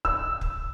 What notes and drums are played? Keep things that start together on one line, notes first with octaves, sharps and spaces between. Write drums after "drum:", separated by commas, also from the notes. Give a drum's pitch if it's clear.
E6, drum: kick
drum: kick